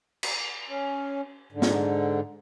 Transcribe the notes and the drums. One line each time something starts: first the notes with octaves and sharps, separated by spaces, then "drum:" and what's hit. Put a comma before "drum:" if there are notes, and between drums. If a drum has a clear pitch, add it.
drum: cymbal
C#4
G#2 D3
drum: snare